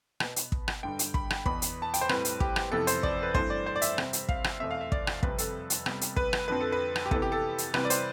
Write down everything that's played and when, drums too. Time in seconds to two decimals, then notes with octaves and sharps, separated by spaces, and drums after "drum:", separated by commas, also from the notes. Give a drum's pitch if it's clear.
0.20 B2 B3, drum: rim click
0.36 drum: hi-hat
0.52 drum: kick
0.68 drum: rim click
0.83 G2 D3 G3 G5
0.99 drum: hi-hat
1.14 B5, drum: kick
1.30 drum: rim click
1.46 E2 B2 B3 B5, drum: kick
1.62 drum: hi-hat
1.82 A5
1.94 G5, drum: hi-hat
2.01 C5
2.09 A2 G3 C4 B4, drum: rim click
2.25 drum: hi-hat
2.40 G4, drum: kick
2.56 drum: rim click
2.72 F2 C3 E3 B3 A4
2.87 C5, drum: hi-hat
3.03 D5, drum: kick
3.23 B4
3.34 G2 E3 A3 C4 C5, drum: kick
3.50 D5
3.66 C5
3.76 D5
3.82 E5, drum: hi-hat
3.98 C3 G3 C4, drum: rim click
4.13 drum: hi-hat
4.29 F5, drum: kick
4.44 drum: rim click
4.60 E2 B2 A3 C4 E5
4.71 F5
4.81 E5
4.92 D5, drum: kick
5.07 drum: rim click
5.23 F2 C3 G3 C4 B4, drum: kick
5.38 A4, drum: hi-hat
5.70 drum: hi-hat
5.86 C3 G3 B3, drum: rim click
6.01 drum: hi-hat
6.16 B4, drum: kick
6.33 drum: rim click
6.48 F2 D3 F3 C4 B4
6.61 A4
6.72 B4
6.96 drum: rim click
7.06 G4
7.11 C3 E3 B3 A4, drum: kick
7.22 G4
7.32 A4
7.58 drum: hi-hat
7.74 C3 E3 G3 C4 B4, drum: rim click
7.85 D5
7.90 C5, drum: hi-hat